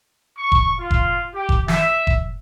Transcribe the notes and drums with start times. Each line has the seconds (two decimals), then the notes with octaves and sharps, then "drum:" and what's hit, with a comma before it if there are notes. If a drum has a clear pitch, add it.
0.38 C#6
0.52 drum: kick F1
0.78 F4
0.91 drum: kick F1
1.33 G4
1.49 drum: kick F1
1.68 E5, drum: snare
2.07 drum: kick F1